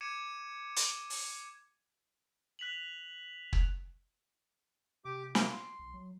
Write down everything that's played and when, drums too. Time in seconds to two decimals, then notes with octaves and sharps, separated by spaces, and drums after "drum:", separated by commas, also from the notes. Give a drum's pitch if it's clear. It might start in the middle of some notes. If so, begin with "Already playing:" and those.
0.01 D6 G#6 C#7 D#7 E7
0.77 drum: hi-hat
1.10 drum: open hi-hat
2.59 F#6 B6 F7 F#7
3.53 drum: kick
5.05 C3 G4 D6
5.35 A#3 E4 F#4, drum: snare
5.49 C6
5.79 B1
5.94 F#3